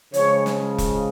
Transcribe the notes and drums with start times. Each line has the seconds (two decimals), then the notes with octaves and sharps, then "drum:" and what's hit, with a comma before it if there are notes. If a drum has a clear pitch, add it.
0.14 C#3 F3 G#3 C#5, drum: hi-hat
0.46 drum: snare
0.78 drum: kick E1, hi-hat